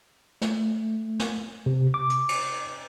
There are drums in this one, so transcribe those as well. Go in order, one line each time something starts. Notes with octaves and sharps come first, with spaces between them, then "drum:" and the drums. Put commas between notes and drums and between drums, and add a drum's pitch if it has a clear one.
A3, drum: snare
drum: snare
C3
D6
drum: hi-hat
drum: cymbal